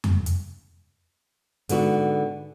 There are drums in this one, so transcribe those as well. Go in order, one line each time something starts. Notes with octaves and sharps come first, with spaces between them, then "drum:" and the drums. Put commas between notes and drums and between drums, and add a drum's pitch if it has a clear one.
drum: tom F2
drum: hi-hat
G#2 D3 B3 F#4, drum: hi-hat